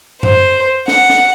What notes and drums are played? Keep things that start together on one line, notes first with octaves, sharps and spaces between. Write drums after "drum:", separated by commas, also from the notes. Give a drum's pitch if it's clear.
C5, drum: tom F#2
F#5, drum: snare
drum: snare